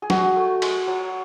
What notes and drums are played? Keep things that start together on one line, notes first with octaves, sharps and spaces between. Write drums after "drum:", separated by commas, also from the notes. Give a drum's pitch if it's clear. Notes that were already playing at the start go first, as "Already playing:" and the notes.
G#4
F#4, drum: snare F#3
A3
G#3, drum: cymbal
F#3